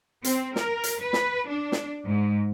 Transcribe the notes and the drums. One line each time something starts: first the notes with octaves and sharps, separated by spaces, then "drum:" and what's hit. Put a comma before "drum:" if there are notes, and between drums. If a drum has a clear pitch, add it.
C4, drum: hi-hat
A#4, drum: snare
drum: hi-hat
B4
drum: snare
D4
drum: snare
G#2